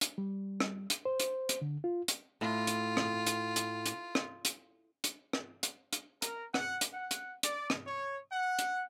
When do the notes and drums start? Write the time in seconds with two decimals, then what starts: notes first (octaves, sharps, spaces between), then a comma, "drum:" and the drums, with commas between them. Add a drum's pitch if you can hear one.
0.01 drum: hi-hat
0.18 G3
0.60 drum: rim click
0.90 drum: hi-hat
1.05 C5
1.20 drum: hi-hat
1.49 drum: hi-hat
1.62 D3
1.84 F4
2.08 drum: hi-hat
2.41 A2 F4
2.67 drum: hi-hat
2.97 drum: rim click
3.26 drum: hi-hat
3.56 drum: hi-hat
3.86 drum: hi-hat
4.15 drum: rim click
4.45 drum: hi-hat
5.04 drum: hi-hat
5.33 drum: rim click
5.63 drum: hi-hat
5.93 drum: hi-hat
6.22 A#4, drum: hi-hat
6.54 F#5, drum: rim click
6.81 drum: hi-hat
6.93 F#5
7.11 drum: hi-hat
7.43 D5, drum: hi-hat
7.70 drum: rim click
7.86 C#5
8.32 F#5
8.59 drum: hi-hat